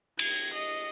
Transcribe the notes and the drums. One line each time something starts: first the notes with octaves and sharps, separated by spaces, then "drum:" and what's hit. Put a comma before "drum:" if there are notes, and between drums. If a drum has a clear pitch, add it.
G#6, drum: cymbal
D#5